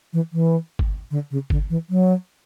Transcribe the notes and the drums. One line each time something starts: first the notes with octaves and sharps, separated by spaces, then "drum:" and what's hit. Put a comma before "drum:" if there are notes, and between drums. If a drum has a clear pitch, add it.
E3
E3
drum: kick G1
D3
C#3
D3, drum: kick G1
E3
F#3